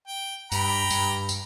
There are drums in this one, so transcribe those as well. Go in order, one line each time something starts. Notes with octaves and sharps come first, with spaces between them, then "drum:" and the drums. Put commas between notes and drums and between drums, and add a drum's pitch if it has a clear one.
G5
G2 G5 A#5 B5, drum: tambourine
G2, drum: tambourine
drum: tambourine